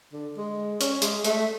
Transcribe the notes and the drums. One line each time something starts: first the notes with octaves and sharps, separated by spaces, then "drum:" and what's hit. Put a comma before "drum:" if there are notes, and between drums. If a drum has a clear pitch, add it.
D3
G#3
C#4, drum: hi-hat
G#3, drum: hi-hat
A3, drum: hi-hat